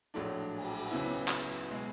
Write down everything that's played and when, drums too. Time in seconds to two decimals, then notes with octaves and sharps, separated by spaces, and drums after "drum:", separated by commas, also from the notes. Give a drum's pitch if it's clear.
0.14 A#1 A2 F#3 A3 D4
0.57 drum: cymbal
0.90 C#2 C#3 F#3 B3 E4, drum: open hi-hat
1.28 drum: clap
1.70 B2 G#3